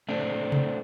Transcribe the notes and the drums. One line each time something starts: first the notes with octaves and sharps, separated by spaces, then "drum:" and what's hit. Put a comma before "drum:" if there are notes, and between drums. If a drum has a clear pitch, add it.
A3 C4 D4
drum: tom C3